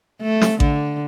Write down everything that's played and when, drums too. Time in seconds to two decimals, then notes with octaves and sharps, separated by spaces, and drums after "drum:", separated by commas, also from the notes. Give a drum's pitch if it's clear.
0.22 A3
0.41 drum: snare
0.60 D3, drum: kick A1